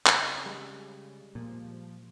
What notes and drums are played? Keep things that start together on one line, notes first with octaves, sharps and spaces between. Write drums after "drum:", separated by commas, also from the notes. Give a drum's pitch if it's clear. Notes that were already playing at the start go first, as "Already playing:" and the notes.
C#3 C4, drum: clap
G3 G#3
A#2 F3